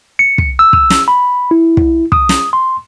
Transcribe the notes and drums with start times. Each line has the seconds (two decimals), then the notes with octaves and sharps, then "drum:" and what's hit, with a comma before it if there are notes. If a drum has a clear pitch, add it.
0.19 C#7
0.38 drum: kick
0.59 E6
0.73 drum: kick
0.90 drum: snare
1.08 B5
1.51 E4
1.77 drum: kick
2.12 D#6, drum: kick
2.29 drum: snare
2.53 C6